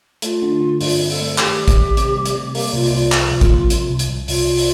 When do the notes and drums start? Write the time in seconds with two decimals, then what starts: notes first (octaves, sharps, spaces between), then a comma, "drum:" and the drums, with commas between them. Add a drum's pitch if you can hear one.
0.22 A3 F4, drum: hi-hat
0.42 D3
0.61 D3
0.81 G2 F4, drum: open hi-hat
1.00 C4
1.10 A4, drum: open hi-hat
1.20 A3
1.38 D#3 G4, drum: clap
1.58 G3
1.68 drum: kick A1, hi-hat
1.78 G3
1.97 C3, drum: hi-hat
2.16 G3
2.26 drum: hi-hat
2.35 C3
2.55 A#3 G4, drum: open hi-hat
2.73 C2 F4
2.83 drum: open hi-hat
2.93 C2 F4
3.12 F3, drum: clap
3.32 C2
3.41 drum: kick A1, hi-hat
3.51 A#3
3.70 C3, drum: hi-hat
3.90 C2
3.99 drum: hi-hat
4.09 C2
4.28 C2 F4, drum: open hi-hat
4.48 C2
4.57 drum: open hi-hat